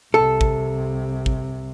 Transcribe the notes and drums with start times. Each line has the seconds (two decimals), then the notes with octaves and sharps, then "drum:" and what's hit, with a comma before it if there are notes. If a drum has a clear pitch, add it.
0.14 C2 C3 A4
0.41 drum: kick A1
1.26 drum: kick A1